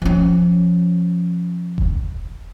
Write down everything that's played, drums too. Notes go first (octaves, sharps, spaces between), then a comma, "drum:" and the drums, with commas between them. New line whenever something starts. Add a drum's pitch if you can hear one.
F3 C#4
drum: kick E1